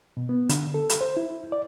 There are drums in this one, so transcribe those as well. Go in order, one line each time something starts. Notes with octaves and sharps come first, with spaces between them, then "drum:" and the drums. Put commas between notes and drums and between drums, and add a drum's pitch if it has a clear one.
B2
B3
D3, drum: hi-hat
A4
drum: hi-hat
C5
E4
D5